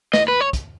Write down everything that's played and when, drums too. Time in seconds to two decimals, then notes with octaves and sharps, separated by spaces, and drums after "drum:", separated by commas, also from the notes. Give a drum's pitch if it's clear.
0.13 D#5, drum: snare
0.28 B4
0.41 C#5
0.53 drum: kick, hi-hat